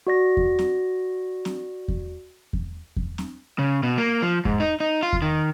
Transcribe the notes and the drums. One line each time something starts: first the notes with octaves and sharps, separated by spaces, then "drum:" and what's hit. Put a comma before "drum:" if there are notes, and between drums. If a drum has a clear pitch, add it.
F#4 D5 A#6
drum: kick E2
drum: snare C4
drum: snare C4
drum: kick E2
drum: kick E2
drum: kick E2
drum: snare C4
C#3
B2
A#3
F3
G#2, drum: kick E2
D#4
D#4
F4
drum: kick E2
D#3